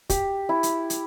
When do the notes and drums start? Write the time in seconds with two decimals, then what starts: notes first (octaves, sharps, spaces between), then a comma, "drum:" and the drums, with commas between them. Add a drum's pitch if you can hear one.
0.10 G4, drum: kick, hi-hat
0.49 E4
0.63 drum: hi-hat
0.90 drum: hi-hat